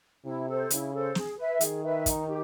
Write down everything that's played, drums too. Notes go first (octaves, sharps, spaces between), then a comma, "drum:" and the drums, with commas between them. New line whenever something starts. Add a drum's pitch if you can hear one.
C3 E4
A4 C5
C#3 E4, drum: hi-hat
A4 C5
G#4, drum: snare
B4 E5
D#3 G#4, drum: hi-hat
B4 E5
D#4, drum: kick, hi-hat
G4